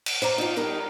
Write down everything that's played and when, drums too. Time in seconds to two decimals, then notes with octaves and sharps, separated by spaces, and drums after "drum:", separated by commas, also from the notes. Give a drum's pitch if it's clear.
0.06 drum: cymbal
0.22 C5 D5 A#5
0.38 D#4 F4
0.56 G3 D#4 A#4 G5